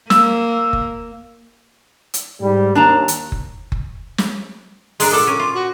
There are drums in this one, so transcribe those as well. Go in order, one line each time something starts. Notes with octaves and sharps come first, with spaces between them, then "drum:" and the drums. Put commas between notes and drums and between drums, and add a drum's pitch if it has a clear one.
A#3 E6, drum: snare
drum: kick F#1
drum: hi-hat
G#2 G3
D#2 D4 A5 A#5
drum: hi-hat
drum: kick F#1
drum: kick F#1
drum: snare
G#3 D4 A#5, drum: open hi-hat
A#2 A4 F#5 D6
C#4
F4
F#4